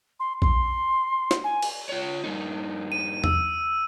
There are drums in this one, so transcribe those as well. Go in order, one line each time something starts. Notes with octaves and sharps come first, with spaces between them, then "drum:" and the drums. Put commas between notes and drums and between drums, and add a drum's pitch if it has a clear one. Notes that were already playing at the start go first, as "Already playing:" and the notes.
C6
C6, drum: kick A#1
drum: snare
G#5
drum: cymbal
F4 C#5
G2 A#3 D#4
D#7
E6, drum: tom E2